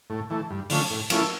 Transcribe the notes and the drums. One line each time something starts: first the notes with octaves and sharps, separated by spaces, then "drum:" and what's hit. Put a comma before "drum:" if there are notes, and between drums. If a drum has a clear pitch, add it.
A2
E3 A3
G2
D3 F3 A3 C#4, drum: open hi-hat
A2
F3 A3 C#4 E4, drum: cymbal